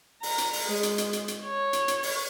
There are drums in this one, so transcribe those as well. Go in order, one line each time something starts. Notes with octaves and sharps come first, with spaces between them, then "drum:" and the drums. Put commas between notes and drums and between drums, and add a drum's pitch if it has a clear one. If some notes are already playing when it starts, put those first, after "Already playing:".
A#5, drum: open hi-hat
drum: hi-hat
drum: open hi-hat
G#3
drum: hi-hat
drum: hi-hat
drum: hi-hat
drum: hi-hat
C#5
drum: hi-hat
drum: hi-hat
drum: open hi-hat